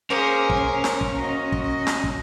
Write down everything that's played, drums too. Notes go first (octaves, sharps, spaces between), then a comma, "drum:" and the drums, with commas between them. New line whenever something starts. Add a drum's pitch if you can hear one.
A#3 C#4 G#4 A#4 C5
drum: kick
drum: snare
drum: kick
F#4 D#5
drum: kick
drum: snare
drum: kick